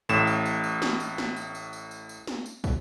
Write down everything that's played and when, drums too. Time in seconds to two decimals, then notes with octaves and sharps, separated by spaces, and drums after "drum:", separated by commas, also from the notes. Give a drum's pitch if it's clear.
0.09 A1 A2 E7, drum: tambourine
0.27 drum: tambourine
0.45 drum: tambourine
0.64 drum: tambourine
0.82 drum: snare
1.00 drum: tambourine
1.18 drum: snare
1.36 drum: tambourine
1.55 drum: tambourine
1.73 drum: tambourine
1.91 drum: tambourine
2.09 drum: tambourine
2.27 drum: snare
2.46 drum: tambourine
2.64 drum: kick, tambourine